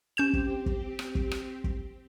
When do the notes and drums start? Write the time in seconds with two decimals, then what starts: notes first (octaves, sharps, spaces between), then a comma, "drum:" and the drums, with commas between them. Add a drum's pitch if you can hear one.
0.17 C4 C#4 G4 G6 E7
0.33 drum: kick
0.66 drum: kick
0.99 drum: rim click
1.15 drum: kick
1.31 drum: rim click
1.64 drum: kick